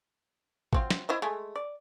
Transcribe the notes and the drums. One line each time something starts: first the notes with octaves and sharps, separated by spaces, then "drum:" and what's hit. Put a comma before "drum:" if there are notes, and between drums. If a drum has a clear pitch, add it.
F#3 C4 F4, drum: kick A1
drum: snare
E4 C5 D#5
G#3 A3
D5